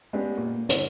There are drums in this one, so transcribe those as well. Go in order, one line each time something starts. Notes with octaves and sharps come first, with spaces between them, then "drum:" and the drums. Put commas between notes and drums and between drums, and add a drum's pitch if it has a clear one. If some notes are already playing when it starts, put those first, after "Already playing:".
G#3 B3 C#4 D4 G4 G#4
A#2
G2 D3 E3, drum: hi-hat